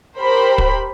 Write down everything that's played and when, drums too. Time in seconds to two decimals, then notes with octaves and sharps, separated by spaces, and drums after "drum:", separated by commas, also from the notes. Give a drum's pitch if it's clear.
0.19 G4 A#4 C5 B5
0.58 drum: kick